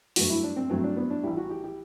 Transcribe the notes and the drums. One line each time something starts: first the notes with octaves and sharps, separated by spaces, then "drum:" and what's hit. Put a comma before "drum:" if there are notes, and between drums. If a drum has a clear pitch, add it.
G2 F#3 A3 F#4, drum: open hi-hat
E4
D4
C4
G2 F#3 A3 C4
D4
B3
D4
A1 A2 G3 E4
F#4
G4
G4